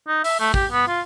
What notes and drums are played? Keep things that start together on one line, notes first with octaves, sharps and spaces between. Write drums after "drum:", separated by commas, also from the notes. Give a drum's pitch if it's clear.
D#4
E5, drum: open hi-hat
A3
G4, drum: kick
B3
F4